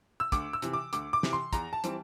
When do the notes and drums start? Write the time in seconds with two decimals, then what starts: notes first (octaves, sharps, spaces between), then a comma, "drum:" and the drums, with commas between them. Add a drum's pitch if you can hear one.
0.20 E6
0.32 D2 D6, drum: kick, hi-hat
0.53 E6
0.62 C3 E3, drum: hi-hat
0.73 D6
0.93 D2 D6, drum: hi-hat
1.13 D6
1.23 C3 E3, drum: snare
1.33 C6
1.53 E2 A#5, drum: kick, hi-hat
1.73 A5
1.84 E3 G3 C4, drum: hi-hat